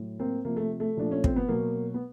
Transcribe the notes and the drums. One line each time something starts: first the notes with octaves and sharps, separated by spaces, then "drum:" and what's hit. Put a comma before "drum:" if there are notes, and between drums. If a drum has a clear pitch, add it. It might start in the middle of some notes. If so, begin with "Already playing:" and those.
Already playing: A2 F#3
A#3 C4
C3 F3 A#3
A3
A3
A#2 F3 D4
C#4
C4, drum: kick
B3
B2 F#3 A#3
B3